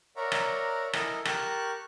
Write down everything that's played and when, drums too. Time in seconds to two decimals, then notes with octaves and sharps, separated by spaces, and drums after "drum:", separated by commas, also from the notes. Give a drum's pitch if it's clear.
0.16 A#4 C#5 D5 E5 F#5 A#5
0.32 drum: rim click
0.93 E4 A4 A#4 D#5 G#5, drum: rim click
1.25 G4 A#4 A5 C#6 F#6, drum: rim click